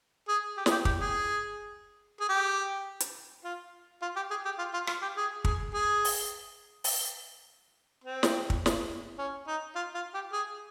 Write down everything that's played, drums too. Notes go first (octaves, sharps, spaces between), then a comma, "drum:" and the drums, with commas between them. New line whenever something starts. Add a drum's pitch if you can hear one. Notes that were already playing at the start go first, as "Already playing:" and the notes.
G#4
G4
G#4, drum: snare
G4
G4, drum: kick
G#4
G#4
G4
drum: hi-hat
F4
F4
G4
G#4
G4
F4
F4
F4, drum: rim click
G4
G#4
G#4, drum: kick
G#4
drum: open hi-hat
drum: open hi-hat
C4
drum: snare
drum: kick
drum: snare
C#4
D#4
F4
F4
G4
G#4